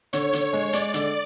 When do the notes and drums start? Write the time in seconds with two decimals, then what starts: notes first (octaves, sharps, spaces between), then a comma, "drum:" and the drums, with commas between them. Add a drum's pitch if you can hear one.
0.13 D3 C#5, drum: hi-hat
0.33 D3, drum: hi-hat
0.53 G#3
0.73 G#3 D5, drum: hi-hat
0.94 D3, drum: hi-hat